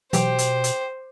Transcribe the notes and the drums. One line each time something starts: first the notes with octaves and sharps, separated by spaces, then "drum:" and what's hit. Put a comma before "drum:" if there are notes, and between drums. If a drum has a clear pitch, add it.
B2 E3 F#3 G4 C5, drum: hi-hat
drum: hi-hat
drum: hi-hat